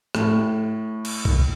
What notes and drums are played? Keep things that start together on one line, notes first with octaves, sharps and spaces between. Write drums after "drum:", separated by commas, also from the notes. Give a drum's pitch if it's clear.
A2, drum: rim click
drum: cymbal
drum: kick B1